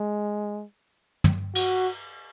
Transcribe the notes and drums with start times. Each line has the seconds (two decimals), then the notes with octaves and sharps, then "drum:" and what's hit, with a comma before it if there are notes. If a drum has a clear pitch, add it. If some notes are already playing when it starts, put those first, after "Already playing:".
Already playing: G#3
1.24 drum: tom
1.55 F#4, drum: cymbal